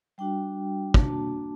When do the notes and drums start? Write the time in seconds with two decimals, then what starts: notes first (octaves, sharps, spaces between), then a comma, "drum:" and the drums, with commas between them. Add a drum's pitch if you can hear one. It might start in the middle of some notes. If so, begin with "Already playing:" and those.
0.18 G3 D4 F#4 G5
0.94 A#3 D4 F#4 A5, drum: kick